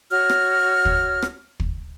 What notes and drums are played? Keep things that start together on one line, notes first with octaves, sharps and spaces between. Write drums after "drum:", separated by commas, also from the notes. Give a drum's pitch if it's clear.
F#4 C#5 F6
drum: rim click
drum: kick
drum: rim click
drum: kick